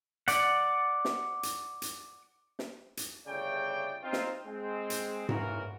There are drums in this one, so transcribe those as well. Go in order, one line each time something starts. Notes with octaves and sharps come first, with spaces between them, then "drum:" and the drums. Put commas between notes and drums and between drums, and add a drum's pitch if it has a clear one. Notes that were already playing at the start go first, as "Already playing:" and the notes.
D5 F#5, drum: hi-hat
drum: snare
drum: hi-hat
drum: hi-hat
drum: snare
drum: hi-hat
G1 C#3 A3 D5 G5
C4 D#4 F4
drum: snare
G#3 C4
drum: hi-hat
A1 A#2 C#3 E3 F#4 A#4, drum: tom G#2